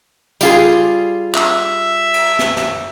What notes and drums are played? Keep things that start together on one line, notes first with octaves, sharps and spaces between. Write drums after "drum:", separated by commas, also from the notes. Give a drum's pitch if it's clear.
G3 F4 G#4, drum: tambourine
E5, drum: clap
drum: cymbal
drum: snare
drum: snare